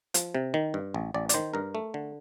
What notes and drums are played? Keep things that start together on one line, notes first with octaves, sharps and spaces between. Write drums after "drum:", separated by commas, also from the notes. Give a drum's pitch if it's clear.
F3, drum: hi-hat
C3
D#3
G2
A1
A1 D5
D5, drum: hi-hat
D#3 C5
G2 A#4
A3
D3